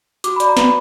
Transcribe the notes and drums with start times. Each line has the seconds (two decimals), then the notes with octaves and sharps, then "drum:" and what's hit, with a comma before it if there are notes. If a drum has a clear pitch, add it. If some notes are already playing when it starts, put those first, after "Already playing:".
0.24 F#4 D6, drum: hi-hat
0.36 B5
0.40 D5, drum: hi-hat
0.48 A#5
0.57 B4 B5, drum: snare